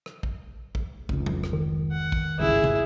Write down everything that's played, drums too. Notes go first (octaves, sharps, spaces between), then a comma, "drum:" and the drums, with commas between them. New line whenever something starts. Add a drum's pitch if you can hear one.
drum: rim click
drum: kick
drum: kick
F1 C#2, drum: kick
drum: tom F#3
drum: rim click
D#3
F#5
drum: kick
G#1 C#2 G2 E4 G#4
drum: tom